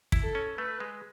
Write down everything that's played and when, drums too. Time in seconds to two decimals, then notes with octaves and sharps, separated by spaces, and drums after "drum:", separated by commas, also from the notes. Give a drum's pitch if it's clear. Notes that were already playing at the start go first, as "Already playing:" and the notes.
0.12 E4, drum: kick
0.23 A4
0.35 C#4
0.58 A3 B4
0.80 G#3